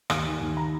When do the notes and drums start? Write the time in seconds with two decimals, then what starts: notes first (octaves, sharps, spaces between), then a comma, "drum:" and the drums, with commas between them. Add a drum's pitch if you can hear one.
0.10 D#2 G#5, drum: rim click
0.25 D#3
0.41 D#2
0.57 A#5